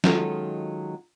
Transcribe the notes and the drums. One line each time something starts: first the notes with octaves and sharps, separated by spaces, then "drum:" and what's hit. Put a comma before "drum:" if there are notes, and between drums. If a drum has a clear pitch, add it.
D#3 F#3 G#3 C#4 F4 A4, drum: snare